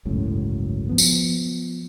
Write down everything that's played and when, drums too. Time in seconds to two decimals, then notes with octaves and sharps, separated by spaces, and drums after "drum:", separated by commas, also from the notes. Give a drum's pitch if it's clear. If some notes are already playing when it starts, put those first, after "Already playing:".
0.05 G1 C#2 F#2 A2
0.89 F3 B3
0.98 drum: tambourine